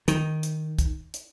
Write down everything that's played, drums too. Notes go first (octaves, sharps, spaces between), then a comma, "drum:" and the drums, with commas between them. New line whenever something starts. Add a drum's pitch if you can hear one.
D#3, drum: hi-hat
drum: hi-hat
drum: kick, hi-hat
drum: hi-hat